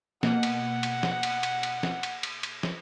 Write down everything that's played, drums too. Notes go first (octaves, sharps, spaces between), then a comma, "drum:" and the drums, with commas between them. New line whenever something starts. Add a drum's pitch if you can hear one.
B2 A#3 F#5, drum: snare
drum: cymbal
drum: cymbal
drum: snare
drum: cymbal
drum: cymbal
drum: cymbal
drum: snare
drum: cymbal
drum: cymbal
drum: cymbal
drum: snare